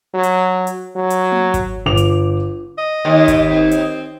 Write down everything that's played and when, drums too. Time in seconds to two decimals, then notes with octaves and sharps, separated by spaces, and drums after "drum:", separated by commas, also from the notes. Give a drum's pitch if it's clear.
0.14 F#3
0.23 drum: hi-hat
0.67 drum: hi-hat
0.96 F#3
1.10 drum: hi-hat
1.32 drum: tom A#3
1.54 drum: kick G#1, hi-hat
1.86 G1 D6 F7
1.97 drum: hi-hat
2.78 D#5
3.05 D#2
3.28 drum: kick G#1, hi-hat
3.50 C4
3.71 drum: hi-hat